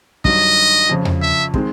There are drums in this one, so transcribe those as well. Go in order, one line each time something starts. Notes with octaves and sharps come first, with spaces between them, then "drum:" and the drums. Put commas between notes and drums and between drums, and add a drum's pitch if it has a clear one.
G2 D#3 F#3 D#5, drum: kick
F2 C#3 F3
drum: tom E2
E5
D#3 G#3 C4, drum: kick